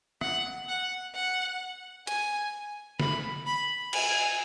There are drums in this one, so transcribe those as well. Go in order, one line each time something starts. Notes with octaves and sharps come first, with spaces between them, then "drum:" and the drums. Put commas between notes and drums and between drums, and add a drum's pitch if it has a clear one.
F#5, drum: rim click
F#5
F#5
G#5, drum: hi-hat
B5, drum: snare
B5
G#5, drum: cymbal